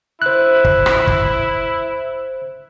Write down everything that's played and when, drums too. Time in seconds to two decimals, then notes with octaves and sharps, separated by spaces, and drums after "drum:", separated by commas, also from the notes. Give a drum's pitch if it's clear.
0.22 E4 C5 F#6
0.64 drum: kick
0.86 drum: rim click
1.07 drum: kick